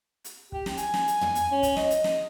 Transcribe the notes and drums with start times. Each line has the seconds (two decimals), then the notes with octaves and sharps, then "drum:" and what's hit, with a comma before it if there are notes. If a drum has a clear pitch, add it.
0.25 drum: hi-hat
0.52 G4, drum: kick
0.66 drum: snare
0.77 G#5, drum: hi-hat
0.94 drum: snare
1.07 drum: hi-hat
1.21 drum: tom
1.35 drum: hi-hat
1.52 C#4
1.63 drum: kick, hi-hat
1.77 D#5, drum: snare
1.90 drum: hi-hat
2.04 drum: snare